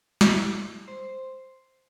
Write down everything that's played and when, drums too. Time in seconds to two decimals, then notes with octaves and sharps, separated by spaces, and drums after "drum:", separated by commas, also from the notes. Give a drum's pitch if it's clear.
0.21 E4, drum: snare
0.88 C5